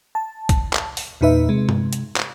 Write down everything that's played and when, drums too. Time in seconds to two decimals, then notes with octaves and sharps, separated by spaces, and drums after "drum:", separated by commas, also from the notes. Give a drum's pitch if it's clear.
0.15 A5
0.49 drum: kick, hi-hat
0.73 drum: clap
0.97 drum: open hi-hat
1.21 E2 A#2 D#4 B4 E5
1.49 C3 G#3
1.69 drum: tom G2
1.93 drum: hi-hat
2.16 drum: clap